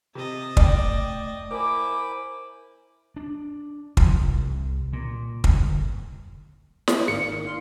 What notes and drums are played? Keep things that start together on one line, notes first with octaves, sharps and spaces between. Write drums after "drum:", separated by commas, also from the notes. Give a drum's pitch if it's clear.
C3 D#5 A5
A3 D5 G5, drum: kick
E4 A#4 C5 G#5 B5 D6
D4
F3, drum: kick
C2
A#2
G1, drum: kick
drum: snare
G#1 A#3 D#4 A#4 D5 C#7
E4 F5 C6